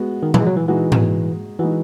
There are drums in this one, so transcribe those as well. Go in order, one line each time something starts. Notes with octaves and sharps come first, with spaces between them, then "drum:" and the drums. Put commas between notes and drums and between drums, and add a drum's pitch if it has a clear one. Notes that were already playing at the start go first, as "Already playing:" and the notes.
Already playing: G#3 B3 F#4
D#3
E3, drum: tom A#2
G#3
F#3
E3
E3 G#3 D#4 F#4
drum: tom G#2
E3 G#3 D#4 F#4